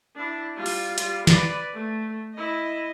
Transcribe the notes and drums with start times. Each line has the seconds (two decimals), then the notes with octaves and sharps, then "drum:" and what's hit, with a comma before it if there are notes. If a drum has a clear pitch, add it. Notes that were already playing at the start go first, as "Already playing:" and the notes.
0.16 D4 E4
0.56 G3 F4
0.66 drum: open hi-hat
0.98 G3 F4, drum: hi-hat
1.27 B4 D5, drum: snare
1.74 A3
2.35 E4 D#5